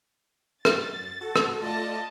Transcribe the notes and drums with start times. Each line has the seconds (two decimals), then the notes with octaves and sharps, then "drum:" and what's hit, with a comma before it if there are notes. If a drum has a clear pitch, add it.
0.65 F#2 A6, drum: rim click
1.21 F#4 A4
1.36 drum: rim click
1.60 A3 F4 D5 D#5 A5